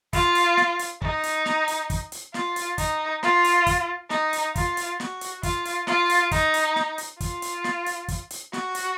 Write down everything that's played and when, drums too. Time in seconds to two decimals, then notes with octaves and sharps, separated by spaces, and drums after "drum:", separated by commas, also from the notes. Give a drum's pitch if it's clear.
0.13 F4, drum: kick, hi-hat
0.35 drum: hi-hat
0.57 drum: snare
0.79 drum: hi-hat
1.02 D#4, drum: kick
1.23 drum: hi-hat
1.46 drum: snare
1.68 drum: hi-hat
1.90 drum: kick, hi-hat
2.12 drum: hi-hat
2.34 F4, drum: snare
2.56 drum: hi-hat
2.78 D#4, drum: kick, hi-hat
3.23 F4, drum: snare
3.44 drum: hi-hat
3.67 drum: kick, hi-hat
4.10 D#4, drum: snare
4.33 drum: hi-hat
4.56 F4, drum: kick, hi-hat
4.77 drum: hi-hat
5.00 F#4, drum: snare
5.21 drum: hi-hat
5.43 F4, drum: kick, hi-hat
5.65 drum: hi-hat
5.87 F4, drum: snare
6.10 drum: hi-hat
6.31 D#4, drum: kick, hi-hat
6.54 drum: hi-hat
6.76 drum: snare
6.98 drum: hi-hat
7.20 F4, drum: kick, hi-hat
7.42 drum: hi-hat
7.64 drum: snare
7.86 drum: hi-hat
8.08 drum: kick, hi-hat
8.31 drum: hi-hat
8.53 F#4, drum: snare
8.75 drum: hi-hat